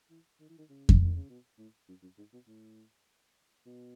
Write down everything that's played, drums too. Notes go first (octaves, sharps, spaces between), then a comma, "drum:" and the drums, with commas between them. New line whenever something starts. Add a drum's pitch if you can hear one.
E3
D#3
E3
D#3
C#3
drum: kick F2
D#3
C#3
B2
A2
F#2
F#2
G#2
B2
A2
B2